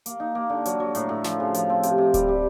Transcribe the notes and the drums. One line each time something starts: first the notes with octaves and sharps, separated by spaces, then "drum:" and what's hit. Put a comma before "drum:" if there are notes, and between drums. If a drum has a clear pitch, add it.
A#3, drum: hi-hat
D#4
A#3
D3
F#3, drum: hi-hat
F#3
A2, drum: hi-hat
A2
F3, drum: snare
C#3
F3, drum: hi-hat
C4
C3, drum: hi-hat
C3
G3, drum: kick D1, hi-hat
G3